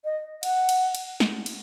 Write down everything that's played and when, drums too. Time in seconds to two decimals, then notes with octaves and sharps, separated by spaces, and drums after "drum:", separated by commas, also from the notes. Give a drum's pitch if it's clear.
0.05 D#5
0.43 F#5, drum: cymbal
0.69 drum: cymbal
0.95 drum: cymbal
1.20 drum: snare
1.46 drum: cymbal